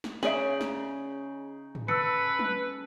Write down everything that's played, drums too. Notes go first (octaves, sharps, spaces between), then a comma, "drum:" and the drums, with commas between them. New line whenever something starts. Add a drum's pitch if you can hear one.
drum: snare
C#3 D#4 G#4 D5 E5 D7 F#7, drum: snare
drum: snare
drum: tom
A4 B4 E6 C#7, drum: tom
drum: tom F#3